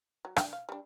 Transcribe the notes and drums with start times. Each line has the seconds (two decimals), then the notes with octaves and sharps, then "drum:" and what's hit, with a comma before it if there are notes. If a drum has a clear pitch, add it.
0.25 F#3
0.36 D4 F#5 G5, drum: rim click
0.53 F5
0.69 G3 D4